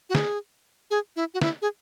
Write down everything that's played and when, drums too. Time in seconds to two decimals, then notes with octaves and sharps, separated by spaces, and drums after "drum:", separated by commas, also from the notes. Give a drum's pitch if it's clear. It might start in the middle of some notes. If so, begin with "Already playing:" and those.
0.10 F#4
0.15 G#4, drum: snare
0.91 G#4
1.16 E4
1.34 F#4
1.41 E4, drum: snare
1.62 G#4